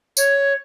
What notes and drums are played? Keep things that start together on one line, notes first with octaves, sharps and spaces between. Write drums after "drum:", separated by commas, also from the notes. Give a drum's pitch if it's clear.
C#5, drum: tambourine